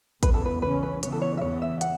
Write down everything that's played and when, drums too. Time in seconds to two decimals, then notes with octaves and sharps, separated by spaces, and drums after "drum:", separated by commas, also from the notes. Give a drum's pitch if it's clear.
0.23 E2 C#3 E3 B3 B4, drum: kick, hi-hat
0.34 A4
0.46 B4
0.62 C#3 E3 C#4 B4
0.83 B4
1.03 C#3 E3 B3 C#5, drum: hi-hat
1.12 A4
1.22 C#5
1.37 E5
1.41 E2 E3 B3 C#5
1.62 E5
1.81 F#5, drum: hi-hat